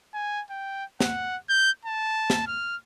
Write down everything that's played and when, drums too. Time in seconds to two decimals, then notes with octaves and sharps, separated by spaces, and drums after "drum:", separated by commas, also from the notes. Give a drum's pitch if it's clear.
0.13 G#5
0.50 G5
1.00 F#5, drum: snare
1.49 G6
1.85 A5
2.30 drum: snare
2.47 F6